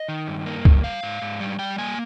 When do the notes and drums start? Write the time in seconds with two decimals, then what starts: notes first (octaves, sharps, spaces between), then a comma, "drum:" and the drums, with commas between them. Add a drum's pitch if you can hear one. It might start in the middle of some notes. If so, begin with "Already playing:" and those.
Already playing: D#5
0.09 D#3
0.27 G2
0.46 A#3
0.65 G2, drum: kick C#2
0.84 G3 F5
1.03 G#2
1.22 G#2
1.40 G3
1.59 G3 G5
1.78 A#3 G#5